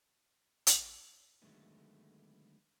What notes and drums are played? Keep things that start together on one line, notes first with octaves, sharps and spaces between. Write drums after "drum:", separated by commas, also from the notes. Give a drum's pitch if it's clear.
drum: hi-hat
D3 D#3 F#3 G#3 A3 B3